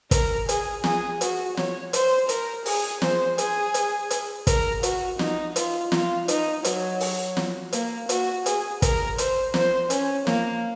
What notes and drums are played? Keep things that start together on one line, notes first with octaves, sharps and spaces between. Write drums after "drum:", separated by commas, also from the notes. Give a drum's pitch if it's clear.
A#4, drum: kick, hi-hat
G#4, drum: hi-hat
G#4, drum: snare
F#4, drum: hi-hat
C#5, drum: snare
C5, drum: hi-hat
A#4, drum: hi-hat
G#4, drum: open hi-hat
C5, drum: snare
G#4, drum: hi-hat
drum: hi-hat
drum: hi-hat
A#4, drum: kick, hi-hat
F#4, drum: hi-hat
D#4, drum: snare
F4, drum: hi-hat
F4, drum: snare
D#4, drum: hi-hat
F#3, drum: hi-hat
drum: open hi-hat
drum: snare
A#3, drum: hi-hat
F#4, drum: hi-hat
G#4, drum: hi-hat
A#4, drum: kick, hi-hat
C5, drum: hi-hat
C5, drum: snare
C#4, drum: hi-hat
A#3, drum: snare